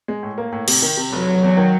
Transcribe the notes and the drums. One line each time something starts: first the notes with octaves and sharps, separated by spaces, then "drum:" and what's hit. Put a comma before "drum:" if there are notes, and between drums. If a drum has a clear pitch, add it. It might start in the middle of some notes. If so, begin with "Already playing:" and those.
G#3
A2
A#3
A2
C3, drum: cymbal
D#3
C3
F1 F#3
F1
E2
D#3